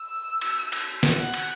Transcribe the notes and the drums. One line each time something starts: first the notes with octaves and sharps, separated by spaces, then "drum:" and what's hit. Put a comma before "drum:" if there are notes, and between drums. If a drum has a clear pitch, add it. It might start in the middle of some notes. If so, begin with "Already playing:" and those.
Already playing: E6
drum: cymbal
drum: cymbal
drum: snare
F#5
drum: cymbal